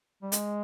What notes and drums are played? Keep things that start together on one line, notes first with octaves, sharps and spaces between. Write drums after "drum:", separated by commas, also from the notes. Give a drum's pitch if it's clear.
G3
G#3, drum: hi-hat